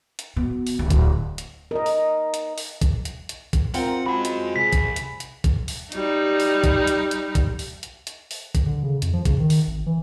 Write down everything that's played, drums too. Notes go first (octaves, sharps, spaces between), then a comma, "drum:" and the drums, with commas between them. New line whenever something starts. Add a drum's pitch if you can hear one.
drum: hi-hat
B2
drum: open hi-hat
D1
drum: kick, hi-hat
drum: hi-hat
D#4 A#4 D#5
drum: open hi-hat
drum: hi-hat
drum: open hi-hat
drum: kick, hi-hat
drum: hi-hat
drum: hi-hat
drum: kick, hi-hat
C4 F4 A#4 F#5 G5, drum: open hi-hat
G#3 F#4 G#5 B5
drum: hi-hat
C2 G#4 B6
drum: kick, hi-hat
drum: hi-hat
drum: hi-hat
drum: kick, hi-hat
drum: open hi-hat
G3 D#4, drum: hi-hat
drum: open hi-hat
drum: kick, hi-hat
drum: hi-hat
drum: hi-hat
drum: kick, hi-hat
drum: open hi-hat
drum: hi-hat
drum: hi-hat
drum: open hi-hat
drum: kick, hi-hat
D3
C#3
F2, drum: hi-hat
F3
C#3, drum: kick, hi-hat
D#3
drum: open hi-hat
G#1
E3